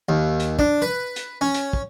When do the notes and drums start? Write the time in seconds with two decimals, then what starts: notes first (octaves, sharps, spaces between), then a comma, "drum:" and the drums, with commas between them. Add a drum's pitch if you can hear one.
0.09 D#2
0.40 drum: hi-hat
0.59 D4, drum: kick
0.82 B4
1.16 drum: hi-hat
1.41 C#4
1.54 drum: hi-hat
1.73 drum: kick